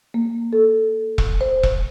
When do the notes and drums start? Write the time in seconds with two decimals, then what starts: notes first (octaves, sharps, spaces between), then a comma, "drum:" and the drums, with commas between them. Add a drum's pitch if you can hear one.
0.14 A#3
0.53 A4
1.18 drum: kick E1
1.41 C5
1.63 drum: kick E1